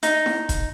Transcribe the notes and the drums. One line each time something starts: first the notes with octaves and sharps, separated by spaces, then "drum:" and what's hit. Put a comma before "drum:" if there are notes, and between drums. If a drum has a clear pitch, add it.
D#4, drum: hi-hat
drum: snare E4
drum: kick E1, hi-hat